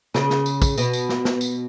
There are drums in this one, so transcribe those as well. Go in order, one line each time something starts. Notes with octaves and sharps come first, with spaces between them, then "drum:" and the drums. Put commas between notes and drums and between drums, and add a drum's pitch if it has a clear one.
C#3, drum: snare
drum: snare
drum: tambourine
drum: kick, tambourine
B2, drum: tambourine
drum: tambourine
drum: snare
drum: snare
drum: tambourine